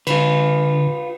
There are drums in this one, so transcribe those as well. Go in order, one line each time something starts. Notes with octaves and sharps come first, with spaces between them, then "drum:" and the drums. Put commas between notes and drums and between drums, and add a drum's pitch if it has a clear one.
D3 F4 B4, drum: cymbal